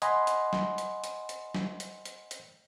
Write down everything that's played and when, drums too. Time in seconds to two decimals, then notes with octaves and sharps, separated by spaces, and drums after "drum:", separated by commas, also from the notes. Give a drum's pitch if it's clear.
0.02 D#5 F#5 G#5 B5 C6, drum: hi-hat
0.27 drum: hi-hat
0.53 drum: snare
0.78 drum: hi-hat
1.04 drum: hi-hat
1.29 drum: hi-hat
1.55 drum: snare
1.80 drum: hi-hat
2.05 drum: hi-hat
2.31 drum: hi-hat